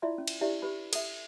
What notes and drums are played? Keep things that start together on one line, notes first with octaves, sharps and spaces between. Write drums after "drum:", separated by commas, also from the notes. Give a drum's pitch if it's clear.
E4 F4 D5 E5 C6
C#4
drum: cymbal
D4 E4 G4 D5 E5
G4 B4 B5
A4 E5, drum: cymbal